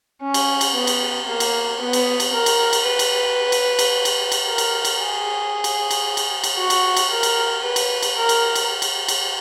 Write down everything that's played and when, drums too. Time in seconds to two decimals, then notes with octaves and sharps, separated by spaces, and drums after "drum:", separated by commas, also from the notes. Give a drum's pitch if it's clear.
0.21 C#4
0.34 drum: cymbal
0.61 drum: cymbal
0.74 B3
0.87 drum: cymbal
1.27 A#3
1.40 drum: cymbal
1.80 B3
1.93 drum: cymbal
2.20 drum: cymbal
2.33 A#4
2.46 drum: cymbal
2.73 drum: cymbal
2.86 B4
2.99 drum: cymbal
3.52 drum: cymbal
3.79 drum: cymbal
4.05 drum: cymbal
4.32 drum: cymbal
4.45 A#4
4.58 drum: cymbal
4.85 drum: cymbal
4.98 G#4
5.64 drum: cymbal
5.91 drum: cymbal
6.17 drum: cymbal
6.44 drum: cymbal
6.57 F#4
6.70 drum: cymbal
6.97 drum: cymbal
7.10 A#4
7.23 drum: cymbal
7.63 B4
7.76 drum: cymbal
8.03 drum: cymbal
8.16 A#4
8.29 drum: cymbal
8.55 drum: cymbal
8.82 drum: cymbal
9.08 drum: cymbal